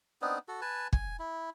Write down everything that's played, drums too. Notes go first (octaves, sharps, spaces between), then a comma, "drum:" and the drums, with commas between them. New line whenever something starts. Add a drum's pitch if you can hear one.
B3 C4 D4 D#4
F#4 A4
B4 G#5 A5
G#5, drum: kick
E4